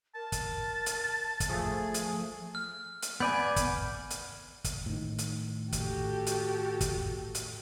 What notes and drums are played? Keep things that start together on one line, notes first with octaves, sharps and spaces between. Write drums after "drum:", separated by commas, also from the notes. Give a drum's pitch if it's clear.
A#4 A5
drum: kick, hi-hat
drum: hi-hat
drum: kick, hi-hat
F3 A3 G#4
drum: hi-hat
F6
drum: hi-hat
B3 D5 G#5 B5 G6
drum: kick, hi-hat
drum: hi-hat
drum: kick, hi-hat
A2 D#3
drum: hi-hat
F#4 G4 A4, drum: kick, hi-hat
drum: hi-hat
drum: kick, hi-hat
drum: hi-hat